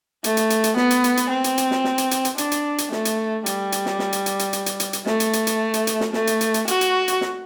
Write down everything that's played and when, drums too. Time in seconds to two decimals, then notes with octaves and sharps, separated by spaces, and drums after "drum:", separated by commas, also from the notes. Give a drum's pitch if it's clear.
0.24 A3, drum: hi-hat
0.37 drum: hi-hat
0.50 drum: hi-hat
0.64 drum: hi-hat
0.76 B3, drum: snare
0.90 drum: hi-hat
1.04 drum: hi-hat
1.17 drum: hi-hat
1.30 C4
1.44 drum: hi-hat
1.58 drum: hi-hat
1.71 drum: snare
1.84 drum: snare
1.98 drum: hi-hat
2.11 drum: hi-hat
2.25 drum: hi-hat
2.38 D4, drum: hi-hat
2.52 drum: hi-hat
2.78 drum: hi-hat
2.92 A3, drum: snare
3.05 drum: hi-hat
3.46 G3, drum: hi-hat
3.72 drum: hi-hat
3.86 drum: snare
3.99 drum: snare
4.13 drum: hi-hat
4.26 drum: hi-hat
4.39 drum: hi-hat
4.53 drum: hi-hat
4.66 drum: hi-hat
4.80 drum: hi-hat
4.93 drum: hi-hat
5.06 A3, drum: snare
5.20 drum: hi-hat
5.33 drum: hi-hat
5.47 drum: hi-hat
5.74 drum: hi-hat
5.87 drum: hi-hat
6.00 drum: snare
6.13 A3, drum: snare
6.27 drum: hi-hat
6.41 drum: hi-hat
6.54 drum: hi-hat
6.68 F#4, drum: hi-hat
6.81 drum: hi-hat
7.08 drum: hi-hat
7.21 drum: snare